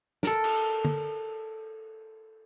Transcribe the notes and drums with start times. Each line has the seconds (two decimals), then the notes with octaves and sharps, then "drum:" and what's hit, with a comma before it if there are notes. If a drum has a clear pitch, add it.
0.23 A4 A#4, drum: snare
0.44 drum: cymbal
0.85 drum: tom